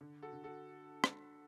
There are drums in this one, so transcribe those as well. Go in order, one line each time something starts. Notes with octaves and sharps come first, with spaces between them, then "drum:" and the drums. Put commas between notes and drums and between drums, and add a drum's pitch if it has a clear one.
D3
F#4 A4
D3
F#4 A4
drum: rim click